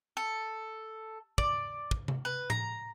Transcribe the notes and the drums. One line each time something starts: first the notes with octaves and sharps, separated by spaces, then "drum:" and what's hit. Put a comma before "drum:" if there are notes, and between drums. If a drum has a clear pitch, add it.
A4
D5, drum: kick
drum: kick
drum: tom C3
B4
A#5, drum: tom A2